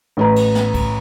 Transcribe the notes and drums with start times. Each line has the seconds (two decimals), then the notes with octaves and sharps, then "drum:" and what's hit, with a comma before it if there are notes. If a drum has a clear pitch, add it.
0.17 A1 B4 A#5
0.36 drum: cymbal
0.55 drum: snare
0.74 drum: kick B1, cymbal